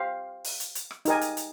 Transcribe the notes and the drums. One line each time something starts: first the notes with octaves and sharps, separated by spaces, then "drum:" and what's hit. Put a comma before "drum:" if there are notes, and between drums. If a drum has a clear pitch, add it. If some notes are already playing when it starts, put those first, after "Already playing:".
Already playing: G4 C5 F5
drum: open hi-hat
drum: hi-hat
drum: hi-hat
drum: rim click
D#4 G4 A#4 D#5 G#5, drum: hi-hat
drum: hi-hat
drum: hi-hat